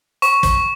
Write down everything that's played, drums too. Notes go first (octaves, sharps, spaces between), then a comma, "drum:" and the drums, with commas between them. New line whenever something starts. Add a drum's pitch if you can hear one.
C#6, drum: hi-hat
drum: kick, hi-hat